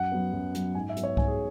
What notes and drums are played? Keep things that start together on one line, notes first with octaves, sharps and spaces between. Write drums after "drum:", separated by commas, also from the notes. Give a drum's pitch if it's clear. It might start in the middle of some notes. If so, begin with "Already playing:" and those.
Already playing: F#2 F#5
F#3 B3
F#2
F#3 B3, drum: hi-hat
G#2 G#5
E5
F#3 B3, drum: hi-hat
C#5
G#2 G#5, drum: kick C2
G#4